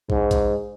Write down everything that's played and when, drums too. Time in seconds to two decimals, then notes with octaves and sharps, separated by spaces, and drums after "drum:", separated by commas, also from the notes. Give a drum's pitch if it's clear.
0.10 G#2, drum: kick
0.31 drum: kick, hi-hat